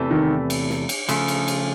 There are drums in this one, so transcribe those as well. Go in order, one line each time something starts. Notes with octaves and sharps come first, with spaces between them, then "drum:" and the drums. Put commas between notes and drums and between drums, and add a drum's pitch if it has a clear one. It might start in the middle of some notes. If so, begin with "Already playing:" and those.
Already playing: E2 C3 E3 A3
D#3
drum: cymbal
drum: snare
drum: cymbal
C#3 F3 A3, drum: cymbal
drum: cymbal
drum: cymbal